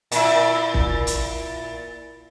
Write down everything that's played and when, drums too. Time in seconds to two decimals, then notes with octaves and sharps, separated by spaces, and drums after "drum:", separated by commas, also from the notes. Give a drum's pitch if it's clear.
0.12 A#2 E4, drum: hi-hat
0.74 drum: kick
1.07 drum: hi-hat